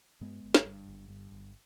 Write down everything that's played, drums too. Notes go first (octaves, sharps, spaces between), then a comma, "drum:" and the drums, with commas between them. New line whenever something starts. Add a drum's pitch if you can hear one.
G2 G#3 B3
G1
drum: snare
G2
G1
G2
G1